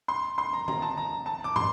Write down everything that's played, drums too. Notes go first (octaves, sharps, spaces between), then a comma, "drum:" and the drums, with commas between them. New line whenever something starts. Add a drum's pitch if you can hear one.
C6
C6
A#5
A#5, drum: tom D3
A5
A#5
A5
D6
C6, drum: tom